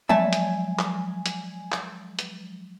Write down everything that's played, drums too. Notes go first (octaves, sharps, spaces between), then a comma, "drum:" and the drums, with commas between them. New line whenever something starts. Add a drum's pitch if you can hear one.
F3 F#3 G#3 E5 G#5 A5
drum: hi-hat
drum: clap
drum: hi-hat
drum: clap
drum: hi-hat